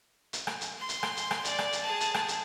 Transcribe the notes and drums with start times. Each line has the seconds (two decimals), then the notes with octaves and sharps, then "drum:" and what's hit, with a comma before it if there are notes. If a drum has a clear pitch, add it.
0.33 drum: hi-hat
0.47 drum: rim click
0.61 drum: hi-hat
0.79 C6
0.89 drum: hi-hat
1.03 drum: rim click
1.17 drum: hi-hat
1.31 drum: rim click
1.45 D5, drum: hi-hat
1.59 drum: rim click
1.73 drum: hi-hat
1.83 G#4 A5
2.00 drum: hi-hat
2.14 drum: rim click
2.28 drum: hi-hat